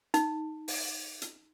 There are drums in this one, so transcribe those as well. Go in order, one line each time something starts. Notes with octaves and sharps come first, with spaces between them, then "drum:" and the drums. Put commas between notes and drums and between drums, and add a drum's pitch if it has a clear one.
D#4, drum: hi-hat
drum: open hi-hat
drum: hi-hat